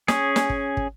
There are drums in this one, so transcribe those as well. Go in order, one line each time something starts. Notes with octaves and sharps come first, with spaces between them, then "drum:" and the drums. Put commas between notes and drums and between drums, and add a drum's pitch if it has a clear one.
C#4 G#4, drum: snare
drum: snare
drum: kick
drum: kick